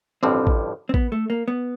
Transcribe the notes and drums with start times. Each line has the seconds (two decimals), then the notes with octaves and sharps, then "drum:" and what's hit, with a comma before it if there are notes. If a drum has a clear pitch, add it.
0.23 A1 G2 D3 F3 C4
0.47 drum: kick A1
0.89 C4
0.94 B3, drum: kick A1
1.12 A3
1.30 A#3
1.48 B3